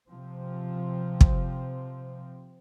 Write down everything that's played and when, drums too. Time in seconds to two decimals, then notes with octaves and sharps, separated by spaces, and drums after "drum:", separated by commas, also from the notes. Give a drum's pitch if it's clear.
0.10 C3 F3 C4
1.21 drum: kick